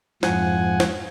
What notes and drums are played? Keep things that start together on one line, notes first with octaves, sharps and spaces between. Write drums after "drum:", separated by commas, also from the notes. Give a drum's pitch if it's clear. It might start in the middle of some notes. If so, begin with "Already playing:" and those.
F2 G#2 F3 F#5 G#5, drum: snare
drum: snare